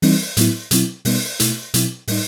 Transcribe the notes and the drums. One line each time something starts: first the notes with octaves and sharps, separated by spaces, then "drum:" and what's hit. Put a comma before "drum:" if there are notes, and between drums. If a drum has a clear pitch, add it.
E3 G3 C4 D#4, drum: open hi-hat
A2 F#3 B3 E4, drum: hi-hat
B2 F#3 C4 E4, drum: hi-hat
B2 G3 B3 D#4, drum: open hi-hat
B2 A3 E4, drum: hi-hat
B2 F#3 C4 E4, drum: hi-hat
A2 G3 D#4, drum: open hi-hat